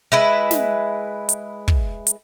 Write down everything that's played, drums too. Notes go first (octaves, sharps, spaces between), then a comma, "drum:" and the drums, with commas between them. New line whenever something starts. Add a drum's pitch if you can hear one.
G#3 E4 B4
drum: snare
drum: hi-hat
drum: kick
drum: hi-hat